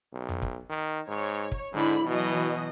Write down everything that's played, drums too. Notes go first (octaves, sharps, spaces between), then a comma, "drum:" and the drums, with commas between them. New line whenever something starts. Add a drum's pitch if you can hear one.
B1
drum: tom F2
drum: kick
D#3
G#2 C#5
drum: kick
G#2 D3 E4 B5
B2 E3 F#3 D#5